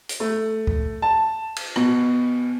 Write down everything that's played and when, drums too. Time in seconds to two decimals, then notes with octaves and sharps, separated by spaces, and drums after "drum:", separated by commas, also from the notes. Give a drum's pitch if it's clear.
0.09 drum: hi-hat
0.20 A3
0.67 drum: kick
1.02 A5
1.56 drum: cymbal
1.76 B2, drum: rim click